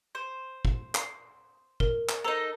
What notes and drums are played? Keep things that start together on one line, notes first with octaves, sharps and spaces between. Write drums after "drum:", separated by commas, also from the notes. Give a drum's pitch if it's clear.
C5
drum: kick
C7, drum: clap
A#4, drum: kick
drum: clap
D#4 A4 A#4 C5 A#5